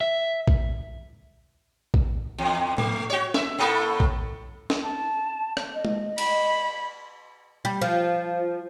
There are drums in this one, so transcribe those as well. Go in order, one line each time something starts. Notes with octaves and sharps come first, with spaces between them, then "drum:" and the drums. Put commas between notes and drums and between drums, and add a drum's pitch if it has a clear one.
E5
drum: kick A#1
drum: kick A#1
E2
A3, drum: tom A2
F#4 C#5
E5, drum: snare
A2 A#3 A4
drum: kick A#1
drum: snare
A5
drum: rim click
D#5
drum: tom G#3
B5, drum: cymbal
G3
F3